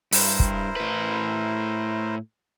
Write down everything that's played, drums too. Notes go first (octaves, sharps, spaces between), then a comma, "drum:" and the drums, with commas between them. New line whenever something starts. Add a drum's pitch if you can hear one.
G2 E4 A#4 C5, drum: open hi-hat
drum: kick
A2 B4